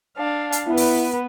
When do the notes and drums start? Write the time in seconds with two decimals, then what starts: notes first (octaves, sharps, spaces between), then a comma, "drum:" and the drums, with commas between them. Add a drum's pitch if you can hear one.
0.18 D4 F5
0.52 drum: hi-hat
0.68 B3 E4 B4
0.77 drum: open hi-hat